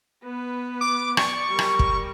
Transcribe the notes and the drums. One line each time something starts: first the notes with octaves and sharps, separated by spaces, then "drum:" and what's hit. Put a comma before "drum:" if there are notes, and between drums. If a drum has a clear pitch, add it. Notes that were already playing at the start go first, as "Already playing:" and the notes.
B3 B4
D6
D5 C#6, drum: rim click
G3 A#4
drum: rim click
drum: kick